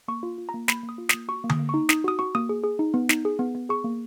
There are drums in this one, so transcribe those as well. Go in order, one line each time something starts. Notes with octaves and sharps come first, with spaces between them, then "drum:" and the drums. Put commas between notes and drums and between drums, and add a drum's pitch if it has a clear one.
A#3 C#6
F4
F4
A#5
A#3
A#3 B5, drum: snare
A#3
D#6
F4
A#3 D#6, drum: snare
F#4 C#6
A#3
D#6, drum: tom D3
A#3
D#4 C#6
D#4 D#6, drum: snare
F#4 D#6
F#4 C#6
A#3 D#6
G#4
G#4
D#4
B3
D#4, drum: snare
G#4
B3
B3
G#4 C#6
A#3